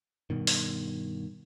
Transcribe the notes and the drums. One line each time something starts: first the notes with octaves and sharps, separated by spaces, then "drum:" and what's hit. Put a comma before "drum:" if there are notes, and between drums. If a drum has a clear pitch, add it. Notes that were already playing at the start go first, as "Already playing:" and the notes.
G2 B2 D#3
drum: open hi-hat